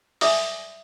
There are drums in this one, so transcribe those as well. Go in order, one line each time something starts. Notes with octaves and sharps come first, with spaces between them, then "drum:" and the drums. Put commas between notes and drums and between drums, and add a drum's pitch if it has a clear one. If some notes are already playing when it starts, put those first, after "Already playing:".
D5 E5 D6 D#6, drum: open hi-hat